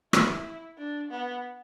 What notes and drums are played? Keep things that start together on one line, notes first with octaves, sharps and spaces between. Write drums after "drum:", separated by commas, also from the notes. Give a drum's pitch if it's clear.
E4, drum: rim click
D4
B3